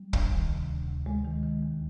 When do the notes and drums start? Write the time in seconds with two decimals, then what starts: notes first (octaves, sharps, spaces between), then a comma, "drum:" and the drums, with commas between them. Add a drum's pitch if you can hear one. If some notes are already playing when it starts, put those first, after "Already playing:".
Already playing: G3
0.13 D2, drum: kick
0.32 D#3
0.51 C3
0.69 D2
0.88 D2
1.06 D#2 G#3
1.25 D#3
1.43 D#3
1.62 D#2